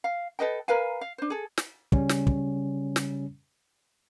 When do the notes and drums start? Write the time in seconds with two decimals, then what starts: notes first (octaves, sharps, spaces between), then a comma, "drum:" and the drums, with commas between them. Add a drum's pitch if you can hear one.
0.04 F5
0.39 A4 B4 D#5 G5
0.68 A#4 B4 F5 G#5
1.01 F5
1.18 D4 C5
1.30 G#4 A4
1.58 drum: snare
1.92 C#3 G3 C#4, drum: kick
2.09 drum: snare
2.27 drum: kick
2.96 drum: snare